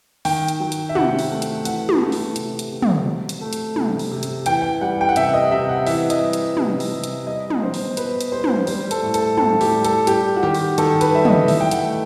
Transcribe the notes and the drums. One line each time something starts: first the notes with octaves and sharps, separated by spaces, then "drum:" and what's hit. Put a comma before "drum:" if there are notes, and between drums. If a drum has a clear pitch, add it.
D#3 G5, drum: open hi-hat
drum: hi-hat
F#3
drum: hi-hat
E5
C3 F#5, drum: tom
drum: open hi-hat
A3
drum: hi-hat
E3 F#5, drum: hi-hat
drum: tom
A3
drum: open hi-hat
C3, drum: hi-hat
drum: hi-hat
C3
drum: tom
F#3
drum: hi-hat
A3
drum: hi-hat
C3, drum: tom
drum: open hi-hat
C3
drum: hi-hat
E3 G5, drum: hi-hat
G5
G3 F#5
G5
F#5
C3 E5, drum: hi-hat
D#5
C3 E5
F#5
E3 E5, drum: open hi-hat
D#5, drum: hi-hat
G3
drum: hi-hat
C3, drum: tom
drum: open hi-hat
C3
drum: hi-hat
G3 D#5
drum: tom
B2 C5
drum: open hi-hat
B2 B4, drum: hi-hat
drum: hi-hat
G3 C5
drum: tom
G3 C5, drum: open hi-hat
A4, drum: hi-hat
A2
A4, drum: hi-hat
A2 A4, drum: tom
G4, drum: open hi-hat
G3
A4, drum: hi-hat
G3 G4, drum: hi-hat
F#4
D#3 G4
drum: open hi-hat
D#3 A4, drum: hi-hat
B4, drum: hi-hat
G3 E5
D#5, drum: tom
E3 E5, drum: open hi-hat
G5
F#5, drum: hi-hat
A3